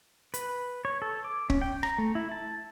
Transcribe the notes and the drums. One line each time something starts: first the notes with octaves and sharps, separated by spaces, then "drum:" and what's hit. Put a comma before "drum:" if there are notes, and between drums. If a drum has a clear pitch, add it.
B4, drum: hi-hat
C#5
A4
D6
C#4, drum: kick
G5
A#5, drum: rim click
A3
E4
A5